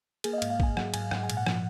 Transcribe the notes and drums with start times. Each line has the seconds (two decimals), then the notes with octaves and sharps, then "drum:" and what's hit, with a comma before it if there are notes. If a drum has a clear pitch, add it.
0.24 A#3 G#4, drum: cymbal
0.33 D#5
0.38 F5
0.42 G#2, drum: cymbal
0.50 F5
0.60 G#2 G#5, drum: kick A1
0.77 F#3 F#5, drum: rim click
0.94 G#2 G#5, drum: cymbal
1.11 G#2 F#5, drum: rim click
1.24 G#5
1.30 A#2, drum: cymbal
1.37 F#5
1.46 F3, drum: rim click